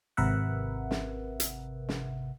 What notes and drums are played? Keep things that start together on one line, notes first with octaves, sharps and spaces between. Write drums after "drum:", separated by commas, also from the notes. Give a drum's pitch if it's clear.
G#1 C3 A#4 B4 E5 F#5
drum: snare
drum: hi-hat
drum: snare